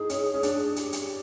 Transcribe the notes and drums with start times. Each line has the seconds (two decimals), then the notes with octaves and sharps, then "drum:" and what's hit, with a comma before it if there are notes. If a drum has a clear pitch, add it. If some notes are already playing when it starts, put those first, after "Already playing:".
Already playing: D#4 E4 G#4
0.10 C#4, drum: hi-hat
0.34 C#4
0.43 D4, drum: hi-hat
0.65 G#4
0.76 G4, drum: hi-hat
0.93 drum: hi-hat